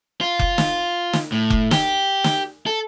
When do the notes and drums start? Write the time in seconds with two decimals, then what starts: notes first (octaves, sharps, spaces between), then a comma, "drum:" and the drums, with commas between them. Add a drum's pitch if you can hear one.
0.21 F4
0.39 drum: kick F1
0.58 drum: snare
1.13 drum: snare
1.32 A2
1.50 drum: kick F1
1.71 G4, drum: snare
2.24 drum: snare
2.66 A4